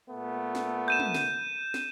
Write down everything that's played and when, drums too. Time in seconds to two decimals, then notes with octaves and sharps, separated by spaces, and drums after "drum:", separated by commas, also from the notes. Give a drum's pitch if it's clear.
0.10 A#2 A3 B3
0.55 drum: snare
0.88 G6 D#7 E7
1.00 drum: tom
1.14 drum: snare
1.74 drum: snare